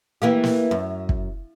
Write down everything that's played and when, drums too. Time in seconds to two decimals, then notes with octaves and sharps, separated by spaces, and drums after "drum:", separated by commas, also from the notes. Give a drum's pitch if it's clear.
0.22 E3 A#3 G4
0.44 drum: snare
0.71 F#2
1.09 drum: kick